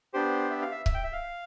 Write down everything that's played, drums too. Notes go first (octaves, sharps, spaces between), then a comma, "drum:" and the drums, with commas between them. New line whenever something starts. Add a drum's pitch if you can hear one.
B3 D4 G4 C5
E5
F5
E5
E5, drum: kick C#1
G5
E5
F5